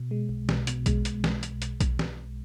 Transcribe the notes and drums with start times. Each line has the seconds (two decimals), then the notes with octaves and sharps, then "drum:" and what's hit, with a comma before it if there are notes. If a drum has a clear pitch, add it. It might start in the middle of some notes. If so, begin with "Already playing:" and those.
Already playing: B2
0.11 G#3
0.29 B1
0.49 B1, drum: snare
0.67 B2, drum: hi-hat
0.86 G#3, drum: kick A#1, hi-hat
1.05 drum: hi-hat
1.24 drum: snare
1.43 drum: hi-hat
1.62 drum: hi-hat
1.80 drum: kick A#1, hi-hat
1.99 drum: snare